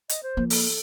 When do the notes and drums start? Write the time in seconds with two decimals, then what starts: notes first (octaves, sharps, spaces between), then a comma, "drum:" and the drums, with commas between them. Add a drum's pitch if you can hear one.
0.09 D#5, drum: hi-hat
0.23 C5
0.37 F3 A#3
0.50 A4, drum: open hi-hat